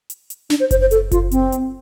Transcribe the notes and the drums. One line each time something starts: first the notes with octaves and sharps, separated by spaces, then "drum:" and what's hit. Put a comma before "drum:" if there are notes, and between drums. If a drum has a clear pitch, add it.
drum: hi-hat
drum: hi-hat
D4, drum: snare
C5
C5, drum: kick F#1, hi-hat
C5
A4, drum: hi-hat
F4, drum: kick F#1, hi-hat
C4, drum: hi-hat
drum: hi-hat